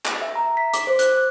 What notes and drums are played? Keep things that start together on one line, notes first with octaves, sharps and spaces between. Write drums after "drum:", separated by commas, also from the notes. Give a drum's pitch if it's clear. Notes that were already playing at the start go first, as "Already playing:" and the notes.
drum: clap
E5
A#5
B6
D6, drum: hi-hat
C5
F#6, drum: hi-hat
F#6